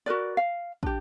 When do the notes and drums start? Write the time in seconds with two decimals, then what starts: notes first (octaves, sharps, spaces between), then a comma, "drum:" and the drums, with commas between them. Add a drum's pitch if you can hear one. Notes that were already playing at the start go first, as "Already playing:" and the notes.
0.06 F#4 A#4 B4 D5
0.37 F5
0.83 D4 G4, drum: kick